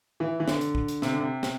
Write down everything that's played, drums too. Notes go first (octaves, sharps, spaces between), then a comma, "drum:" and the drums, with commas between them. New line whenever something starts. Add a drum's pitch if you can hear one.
E3
E3
D3, drum: snare
drum: hi-hat
drum: kick
drum: hi-hat
C3, drum: snare
D3
C3
drum: snare